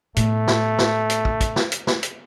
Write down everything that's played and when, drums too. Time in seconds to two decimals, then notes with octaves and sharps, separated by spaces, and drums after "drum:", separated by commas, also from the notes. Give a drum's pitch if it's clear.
0.16 A2 A3 B3, drum: hi-hat
0.48 drum: snare
0.79 drum: snare
1.10 drum: hi-hat
1.25 drum: kick
1.41 drum: kick, hi-hat
1.56 drum: snare
1.72 drum: hi-hat
1.87 drum: snare
2.03 drum: hi-hat